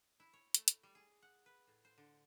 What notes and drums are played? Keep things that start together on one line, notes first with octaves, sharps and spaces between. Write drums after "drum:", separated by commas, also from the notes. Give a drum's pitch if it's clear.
E4
C#5
A3, drum: hi-hat
drum: hi-hat
G3
G#4
F#5
B4
A2
C5
D3